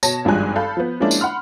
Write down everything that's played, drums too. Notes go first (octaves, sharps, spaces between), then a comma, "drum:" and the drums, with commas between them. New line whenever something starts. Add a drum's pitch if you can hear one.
B2 C#5 A5 A#6, drum: tambourine
G#1 G2 F3 G#3 G#5 F#6
A4 F5 B5 G6
F3 B3
F3 G#3 A#3 C#4 D4 E4
drum: tambourine
F#5 B5 C6 F6